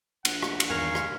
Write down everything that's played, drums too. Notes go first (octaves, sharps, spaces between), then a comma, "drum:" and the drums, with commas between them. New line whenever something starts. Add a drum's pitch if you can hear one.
A#1 F#5, drum: cymbal
drum: rim click
drum: cymbal
E2 D#3 A#4 F5 G#5 C#6 F6
drum: rim click